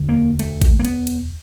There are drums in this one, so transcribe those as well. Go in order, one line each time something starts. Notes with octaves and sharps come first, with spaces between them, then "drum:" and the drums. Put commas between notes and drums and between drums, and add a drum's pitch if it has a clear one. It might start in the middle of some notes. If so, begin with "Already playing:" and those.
Already playing: E1 D2 D3
A#3
A3, drum: cymbal
drum: kick A1, cymbal
A#3
B3, drum: cymbal
drum: cymbal